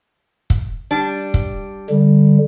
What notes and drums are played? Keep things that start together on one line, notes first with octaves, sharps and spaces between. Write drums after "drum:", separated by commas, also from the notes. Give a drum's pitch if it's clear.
drum: kick
G3 D4
drum: kick
D3 G3